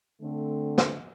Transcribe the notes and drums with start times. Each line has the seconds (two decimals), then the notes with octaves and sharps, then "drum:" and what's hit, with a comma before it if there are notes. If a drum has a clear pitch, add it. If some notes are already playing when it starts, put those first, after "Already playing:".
0.21 D3 A3 C4
0.78 drum: snare